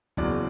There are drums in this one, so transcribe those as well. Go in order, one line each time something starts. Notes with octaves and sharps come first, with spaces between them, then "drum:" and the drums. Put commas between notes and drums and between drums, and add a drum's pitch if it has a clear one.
F#1 E2 C#3 F#3 D5, drum: kick